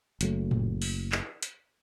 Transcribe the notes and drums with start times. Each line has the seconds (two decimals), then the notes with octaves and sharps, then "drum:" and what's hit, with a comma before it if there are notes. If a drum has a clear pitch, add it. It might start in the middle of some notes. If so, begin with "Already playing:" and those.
0.21 F#1 F#3 A3, drum: hi-hat
0.51 drum: tom A2
0.82 drum: open hi-hat
1.12 drum: clap
1.43 drum: hi-hat